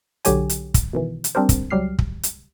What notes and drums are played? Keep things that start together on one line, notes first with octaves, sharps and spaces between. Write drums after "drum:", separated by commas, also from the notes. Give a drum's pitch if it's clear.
B1 D3 F#3 G4 C#5 G#5, drum: hi-hat
drum: hi-hat
drum: kick, hi-hat
B2 D#3 E3
drum: hi-hat
G3 C4 D4 G4 A#4 C5
drum: kick, hi-hat
C#2 F#3 G3 G4 F6 C7
drum: kick
drum: hi-hat